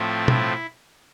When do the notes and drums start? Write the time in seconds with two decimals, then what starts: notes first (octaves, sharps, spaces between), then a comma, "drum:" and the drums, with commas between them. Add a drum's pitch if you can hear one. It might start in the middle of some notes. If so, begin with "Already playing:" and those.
Already playing: A2 F3 A3 C4
0.28 E4, drum: tom B2